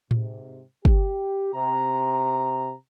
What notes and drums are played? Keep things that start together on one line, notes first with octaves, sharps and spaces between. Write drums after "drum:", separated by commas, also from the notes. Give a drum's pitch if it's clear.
G#2 C3, drum: tom A2
G4, drum: kick
C3 A#5